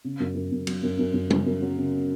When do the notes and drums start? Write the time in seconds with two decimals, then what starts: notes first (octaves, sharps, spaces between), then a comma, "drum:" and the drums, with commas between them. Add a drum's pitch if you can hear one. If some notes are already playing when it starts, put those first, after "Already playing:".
0.05 C#3
0.20 F#2
0.35 F#2
0.52 F#2
0.67 F#3, drum: cymbal
0.83 F#2
0.99 F#2
1.14 F#2
1.30 C#3, drum: tom
1.46 F#2
1.62 F#3
1.77 C#3